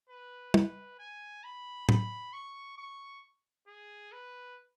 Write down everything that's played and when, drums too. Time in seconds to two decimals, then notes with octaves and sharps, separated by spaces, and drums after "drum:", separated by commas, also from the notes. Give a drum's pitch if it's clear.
0.09 B4
0.54 B4, drum: tom
0.99 G#5
1.44 B5
1.89 B5, drum: tom A2
2.33 C#6
2.78 C#6
3.68 G#4
4.12 B4